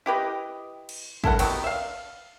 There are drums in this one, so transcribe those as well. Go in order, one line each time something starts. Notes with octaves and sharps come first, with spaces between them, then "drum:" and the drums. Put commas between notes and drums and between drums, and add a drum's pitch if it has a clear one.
E4 G4 B4 D#5
drum: cymbal
E4 A4 A#4 F#5, drum: kick
C3 D#3 F#3 B3, drum: cymbal
E5 F5